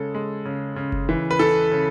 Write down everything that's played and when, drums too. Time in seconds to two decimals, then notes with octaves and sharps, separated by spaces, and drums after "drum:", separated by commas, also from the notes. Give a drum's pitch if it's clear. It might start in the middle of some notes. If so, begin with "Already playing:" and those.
Already playing: C#3 G#3 A4
0.14 G#3
0.45 C#3
0.76 C#3
0.92 drum: kick F#1
1.09 E3
1.31 B4
1.39 E3 A4
1.71 C#3